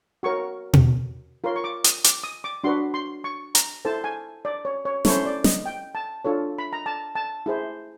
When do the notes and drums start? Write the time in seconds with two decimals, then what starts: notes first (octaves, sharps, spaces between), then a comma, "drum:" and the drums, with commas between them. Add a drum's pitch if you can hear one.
0.23 F#4 A#4 C#5 C#6
0.73 drum: tom B2
1.44 F4 A#4 C#5 C6
1.56 C#6
1.64 D6
1.84 D#6, drum: hi-hat
2.04 D6, drum: hi-hat
2.24 D#6
2.44 D6
2.64 D4 F#4 B4 C6
2.94 C6
3.24 C#6
3.55 A#5, drum: hi-hat
3.85 E4 A4 C5 A5
4.04 G#5
4.45 D5
4.65 C#5
4.85 C#5
5.05 C#4 E4 A4 C5 C#5, drum: snare
5.25 D5
5.44 D#5, drum: snare
5.66 G5
5.95 A5
6.25 D4 F4 A4 C#5
6.58 B5
6.73 A#5
6.86 A5
7.15 A5
7.46 E4 G#4 C5